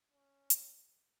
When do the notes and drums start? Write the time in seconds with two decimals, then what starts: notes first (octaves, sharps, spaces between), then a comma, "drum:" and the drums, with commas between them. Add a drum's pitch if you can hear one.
0.12 C#4
0.50 drum: hi-hat